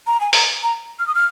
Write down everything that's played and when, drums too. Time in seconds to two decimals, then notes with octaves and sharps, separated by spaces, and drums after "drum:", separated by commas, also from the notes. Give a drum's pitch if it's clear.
0.07 A#5
0.21 G#5
0.33 A#5, drum: open hi-hat
0.63 A#5
0.99 F6
1.07 D#6
1.15 F6